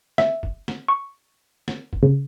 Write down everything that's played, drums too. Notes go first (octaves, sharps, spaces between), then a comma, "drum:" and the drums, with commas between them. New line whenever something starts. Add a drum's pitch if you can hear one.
E5, drum: snare
drum: kick
drum: snare
C#6
drum: snare
drum: kick
C#3